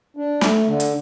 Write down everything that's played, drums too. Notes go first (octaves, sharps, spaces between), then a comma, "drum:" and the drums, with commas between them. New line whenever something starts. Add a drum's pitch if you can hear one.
D4
A3, drum: snare
D3
drum: hi-hat